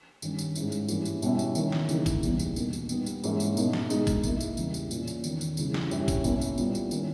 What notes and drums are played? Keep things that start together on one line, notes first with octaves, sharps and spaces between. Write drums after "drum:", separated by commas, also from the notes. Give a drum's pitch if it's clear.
G2 D#3 G3 C#4, drum: tambourine
drum: tambourine
G#2 G3 C#4 E4, drum: tambourine
drum: tambourine
G2 E3 A#3 C#4, drum: tambourine
drum: tambourine
B2 G3 C#4 E4, drum: tambourine
drum: tambourine
D#3 A#3 C#4, drum: tambourine
drum: snare
C#3 E3 A#3 D#4, drum: tambourine
drum: kick, tambourine
E2 B2 G3, drum: tambourine
drum: tambourine
B2 A#3 D#4, drum: tambourine
drum: tambourine
A#2 G3 B3 D#4, drum: tambourine
drum: tambourine
G#2 E3 A#3 C#4 E4, drum: tambourine
drum: tambourine
B2 A#3 D#4, drum: tambourine
drum: snare
B2 G#3 D#4, drum: tambourine
drum: kick, tambourine
B2 A#3 E4, drum: tambourine
drum: tambourine
E2 C#3 G3, drum: tambourine
drum: tambourine
A#2 A#3 C#4, drum: tambourine
drum: tambourine
E2 D#3 A#3 C#4, drum: tambourine
drum: tambourine
C#3 E3 G3, drum: tambourine
drum: snare
G2 G3 C#4 E4, drum: tambourine
drum: kick, tambourine
B2 A#3 C#4 E4, drum: tambourine
drum: tambourine
A#2 G3 B3, drum: tambourine
drum: tambourine
D#3 A#3 C#4 E4, drum: tambourine